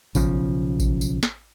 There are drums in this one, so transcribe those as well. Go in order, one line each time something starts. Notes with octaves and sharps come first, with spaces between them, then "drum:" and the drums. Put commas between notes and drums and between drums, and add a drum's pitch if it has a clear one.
B1 C#3 F3, drum: kick A1, tambourine
drum: kick A1, tambourine
drum: tambourine
drum: snare